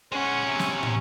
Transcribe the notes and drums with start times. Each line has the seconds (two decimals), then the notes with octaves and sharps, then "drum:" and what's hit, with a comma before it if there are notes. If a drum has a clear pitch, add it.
0.13 G#3 C#4 F#5
0.46 E2 C3
0.59 drum: snare
0.83 drum: tom